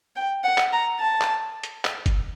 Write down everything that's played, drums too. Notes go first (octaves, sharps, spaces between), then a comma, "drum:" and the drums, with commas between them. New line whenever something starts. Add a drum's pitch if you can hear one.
G5
F#5
drum: clap
A#5
A5
drum: clap
drum: hi-hat
drum: clap
drum: kick F#1, hi-hat